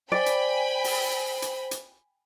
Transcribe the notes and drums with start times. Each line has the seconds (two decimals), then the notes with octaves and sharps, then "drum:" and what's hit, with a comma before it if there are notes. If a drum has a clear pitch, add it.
0.12 C5 D5 G5 G#5 B5
0.26 drum: hi-hat
0.84 drum: open hi-hat
1.42 drum: hi-hat
1.71 drum: hi-hat